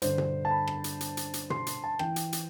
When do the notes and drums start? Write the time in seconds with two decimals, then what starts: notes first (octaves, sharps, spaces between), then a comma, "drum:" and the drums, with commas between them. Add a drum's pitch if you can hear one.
0.02 G2 D3 C5, drum: hi-hat
0.18 drum: tom B2
0.45 A5
0.51 B5
0.68 drum: rim click
0.84 drum: hi-hat
1.01 drum: hi-hat
1.17 drum: hi-hat
1.34 drum: hi-hat
1.50 C6, drum: tom B2
1.67 drum: hi-hat
1.84 A5
1.99 E3 G5, drum: rim click
2.16 drum: hi-hat
2.33 drum: hi-hat